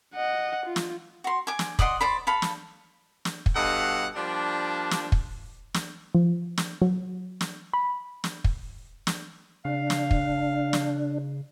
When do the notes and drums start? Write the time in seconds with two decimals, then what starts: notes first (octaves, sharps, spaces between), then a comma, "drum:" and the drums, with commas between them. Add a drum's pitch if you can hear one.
0.15 D#5 F#5
0.66 F4
0.76 drum: snare
1.24 F#4 C6
1.47 G#5 D6
1.59 drum: snare
1.79 D5 D#5 F#5 C6, drum: kick
2.01 C5 D5 B5
2.27 A4 F5 B5
2.42 drum: snare
3.25 drum: snare
3.46 drum: kick
3.56 G2 B2 A4 D#5 F5 F#5
4.16 F3 G3 A#3 D4
4.91 drum: snare
5.12 drum: kick
5.74 drum: snare
6.15 F3
6.58 drum: snare
6.82 F#3
7.41 drum: snare
7.73 B5
8.24 drum: snare
8.44 drum: kick
9.07 drum: snare
9.65 C#3 D4 F5
9.90 drum: snare
10.11 drum: kick
10.73 drum: snare